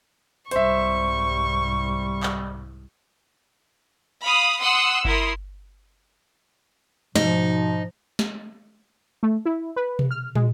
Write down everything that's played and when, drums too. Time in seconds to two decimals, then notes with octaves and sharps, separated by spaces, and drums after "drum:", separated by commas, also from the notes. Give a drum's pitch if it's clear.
0.51 C2 G#2 G3 C5 E5 C#6, drum: hi-hat
2.23 drum: clap
4.23 F5 B5 D#6
4.61 F#5 C6 D#6 E6 F#6
5.05 E4 A#4 C6 D#6, drum: kick G1
7.16 G#2 B2 F3 D#4, drum: snare
8.19 drum: snare
9.23 A3
9.46 E4
9.76 B4
9.99 drum: tom B2
10.11 F6
10.35 G#3, drum: tom